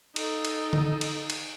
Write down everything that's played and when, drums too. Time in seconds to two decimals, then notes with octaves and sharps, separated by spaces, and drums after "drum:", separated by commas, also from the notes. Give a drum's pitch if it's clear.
0.16 D#4 A4, drum: cymbal
0.45 drum: cymbal
0.73 drum: tom D3
1.01 drum: cymbal
1.30 drum: cymbal